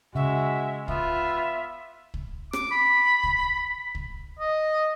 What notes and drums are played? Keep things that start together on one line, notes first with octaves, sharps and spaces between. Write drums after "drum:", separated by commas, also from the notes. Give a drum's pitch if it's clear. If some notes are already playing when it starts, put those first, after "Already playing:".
C#3 G#3 F#4 E5
B3 F4 E5, drum: kick
drum: kick
D6, drum: rim click
B5
drum: kick
drum: kick
D#5